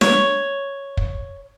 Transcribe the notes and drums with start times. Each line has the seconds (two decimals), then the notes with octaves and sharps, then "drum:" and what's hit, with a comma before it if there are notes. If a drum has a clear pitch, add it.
0.01 C#5, drum: snare
0.97 drum: kick